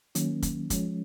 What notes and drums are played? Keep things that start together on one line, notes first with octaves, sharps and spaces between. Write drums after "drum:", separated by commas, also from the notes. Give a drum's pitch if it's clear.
D#3 F#3 A#3 C#4, drum: hi-hat
drum: kick, hi-hat
F3 G#3 C#4, drum: kick, hi-hat